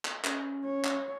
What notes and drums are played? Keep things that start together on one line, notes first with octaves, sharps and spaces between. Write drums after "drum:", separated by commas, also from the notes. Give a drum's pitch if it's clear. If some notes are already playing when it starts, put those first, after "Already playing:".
drum: clap
C#4, drum: clap
C#5
drum: clap